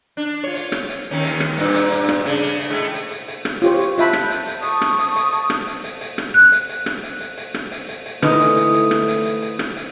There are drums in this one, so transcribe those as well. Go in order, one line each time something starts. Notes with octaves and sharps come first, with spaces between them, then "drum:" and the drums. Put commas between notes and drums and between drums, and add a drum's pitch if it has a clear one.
D4
F4 C#5
drum: hi-hat
drum: rim click
drum: hi-hat
D#2 D#3 C#4
drum: hi-hat
drum: rim click
G2 A#2, drum: hi-hat
drum: hi-hat
drum: hi-hat
drum: rim click
C#3 D4, drum: hi-hat
drum: hi-hat
drum: hi-hat
A2 G#3 A3
drum: hi-hat
drum: hi-hat
drum: hi-hat
drum: rim click
F4 G4 C5 C#5, drum: hi-hat
drum: hi-hat
F4 E5 A5 B5 F#6 G6, drum: hi-hat
drum: rim click
drum: hi-hat
drum: hi-hat
A5 C#6 D#6, drum: hi-hat
drum: rim click
drum: hi-hat
drum: hi-hat
drum: hi-hat
drum: rim click
drum: hi-hat
drum: hi-hat
drum: hi-hat
drum: rim click
F#6
drum: hi-hat
drum: hi-hat
drum: rim click
drum: hi-hat
drum: hi-hat
drum: hi-hat
drum: rim click
drum: hi-hat
drum: hi-hat
drum: hi-hat
D3 E3 G#3 A3 D#4 E4 B4 D#6, drum: rim click
drum: hi-hat
drum: hi-hat
drum: hi-hat
drum: rim click
drum: hi-hat
drum: hi-hat
drum: hi-hat
drum: rim click
drum: hi-hat